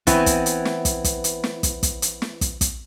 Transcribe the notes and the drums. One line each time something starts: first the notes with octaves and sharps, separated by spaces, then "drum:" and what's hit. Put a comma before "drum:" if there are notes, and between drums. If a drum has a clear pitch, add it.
E3 B3 C4 E4, drum: kick, hi-hat
drum: kick, hi-hat
drum: hi-hat
drum: snare
drum: kick, hi-hat
drum: kick, hi-hat
drum: hi-hat
drum: snare
drum: kick, hi-hat
drum: kick, hi-hat
drum: hi-hat
drum: snare
drum: kick, hi-hat
drum: kick, hi-hat